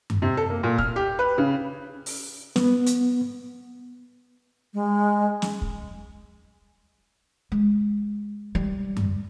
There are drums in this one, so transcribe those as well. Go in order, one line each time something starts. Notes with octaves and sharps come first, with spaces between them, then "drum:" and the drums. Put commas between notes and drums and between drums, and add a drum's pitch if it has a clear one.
drum: tom F#2
C3
A4
A#3
A#2
F6, drum: kick
G4
B4
C#3
drum: open hi-hat
B3, drum: snare
drum: hi-hat
G#3
drum: snare
drum: kick
G#3
G3
drum: tom F#2